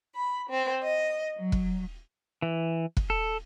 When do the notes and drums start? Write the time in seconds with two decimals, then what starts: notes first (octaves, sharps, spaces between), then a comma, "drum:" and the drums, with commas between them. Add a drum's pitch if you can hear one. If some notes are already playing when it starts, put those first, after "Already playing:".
0.14 B5
0.49 C4
0.82 D#5
1.38 F#3
1.52 drum: kick F1
2.42 E3
2.97 drum: kick F1
3.10 A4